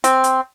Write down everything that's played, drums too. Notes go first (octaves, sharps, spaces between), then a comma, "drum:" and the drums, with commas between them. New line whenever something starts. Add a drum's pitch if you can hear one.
C4, drum: hi-hat
drum: hi-hat